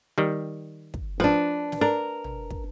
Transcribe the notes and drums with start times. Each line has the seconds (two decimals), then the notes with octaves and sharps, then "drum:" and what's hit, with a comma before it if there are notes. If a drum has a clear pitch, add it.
0.18 D#3 G3
0.94 drum: kick
1.20 F3 D4 B4
1.72 drum: snare
1.81 D4 A#4
2.24 drum: tom
2.50 drum: kick